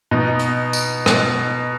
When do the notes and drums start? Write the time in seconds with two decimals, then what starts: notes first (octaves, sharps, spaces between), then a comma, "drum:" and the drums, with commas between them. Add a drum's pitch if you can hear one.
0.11 B2 D#4
0.39 drum: hi-hat
0.73 drum: tambourine
1.06 B2, drum: rim click